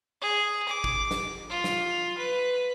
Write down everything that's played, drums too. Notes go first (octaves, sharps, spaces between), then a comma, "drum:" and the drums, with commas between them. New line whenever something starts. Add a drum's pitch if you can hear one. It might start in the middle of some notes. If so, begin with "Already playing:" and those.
G#4
D6
drum: kick
drum: snare
F4
drum: snare
B4